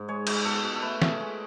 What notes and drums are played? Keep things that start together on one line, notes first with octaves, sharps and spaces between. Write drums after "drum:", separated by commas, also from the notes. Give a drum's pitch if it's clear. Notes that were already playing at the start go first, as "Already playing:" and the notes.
Already playing: G#2
G#3 C#5
G#3, drum: cymbal
B2 A4
B2
A4
A3 B4
A3 G#4, drum: snare
G#3 G#4